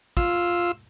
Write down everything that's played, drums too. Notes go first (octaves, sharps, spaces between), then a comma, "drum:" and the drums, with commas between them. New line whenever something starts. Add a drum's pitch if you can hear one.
F4 E6, drum: kick